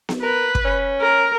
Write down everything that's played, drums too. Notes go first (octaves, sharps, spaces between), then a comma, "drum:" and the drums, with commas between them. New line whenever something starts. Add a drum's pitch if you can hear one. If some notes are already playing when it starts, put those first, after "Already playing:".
drum: snare B3
A#4 B4
drum: kick
C#4
A#4